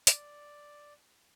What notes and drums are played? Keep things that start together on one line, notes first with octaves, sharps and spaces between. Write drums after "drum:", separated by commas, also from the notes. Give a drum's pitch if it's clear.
D5, drum: hi-hat